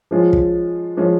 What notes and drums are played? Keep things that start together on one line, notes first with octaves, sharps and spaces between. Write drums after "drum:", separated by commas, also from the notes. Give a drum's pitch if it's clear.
F3 G#3 C#4 F4
drum: kick
F3 G#3 C#4 F4